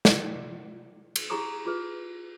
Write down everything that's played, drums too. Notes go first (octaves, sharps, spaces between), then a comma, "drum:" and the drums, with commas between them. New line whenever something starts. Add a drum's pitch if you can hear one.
D5, drum: snare
drum: cymbal
E4 G4 G#4 A#5 C#6 D#6
F4 G#4 B4